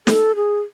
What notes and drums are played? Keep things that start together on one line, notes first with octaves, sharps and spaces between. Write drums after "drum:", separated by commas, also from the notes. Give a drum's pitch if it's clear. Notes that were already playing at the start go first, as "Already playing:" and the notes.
A4, drum: snare
G#4